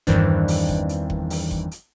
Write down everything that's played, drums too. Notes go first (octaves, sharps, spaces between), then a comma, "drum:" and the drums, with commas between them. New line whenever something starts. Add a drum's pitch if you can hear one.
E2 G2 D#3 E3 C4 D4, drum: kick F#1, hi-hat
drum: open hi-hat
drum: kick F#1
drum: hi-hat
drum: kick F#1
drum: open hi-hat
drum: kick F#1
drum: hi-hat